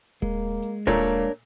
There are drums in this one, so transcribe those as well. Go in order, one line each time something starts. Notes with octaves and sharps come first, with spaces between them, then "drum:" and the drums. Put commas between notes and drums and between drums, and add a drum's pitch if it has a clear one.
G#3 A#3, drum: kick D#1
drum: hi-hat
A#2 A3 A#3 D4 A#4 C#5, drum: kick D#1